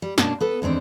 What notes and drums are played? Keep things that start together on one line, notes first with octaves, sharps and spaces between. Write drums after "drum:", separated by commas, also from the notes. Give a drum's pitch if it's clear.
G3
B2 A#3 C#4 D4 A5, drum: snare
B3 A4 B4
E2 D3 D#3 C4 D4